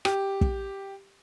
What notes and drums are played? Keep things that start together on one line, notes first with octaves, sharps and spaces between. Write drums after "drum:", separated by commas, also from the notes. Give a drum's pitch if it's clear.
G4, drum: rim click
drum: kick